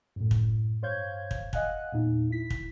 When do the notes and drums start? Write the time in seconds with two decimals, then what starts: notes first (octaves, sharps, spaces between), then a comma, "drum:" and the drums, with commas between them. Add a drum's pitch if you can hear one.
0.16 F#2 A2
0.31 drum: kick
0.82 G2 C5 C#5 F5 G6 G#6
1.31 drum: kick
1.53 D#5 F5 F#5 G#5 F#6, drum: kick
1.92 E2 A#2 D#4
2.30 E4 B6
2.50 drum: kick